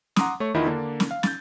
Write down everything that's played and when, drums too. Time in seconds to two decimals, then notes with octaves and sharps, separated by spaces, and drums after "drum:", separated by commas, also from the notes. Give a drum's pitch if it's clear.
0.16 F#5 A#5 C6 D6 D#6, drum: snare
0.40 A3 C#5 C#6
0.54 E2 D#3 E4 F4 D#5 B5
0.66 D3 A#3 D4
1.00 drum: snare
1.11 F5
1.23 G6 A6, drum: snare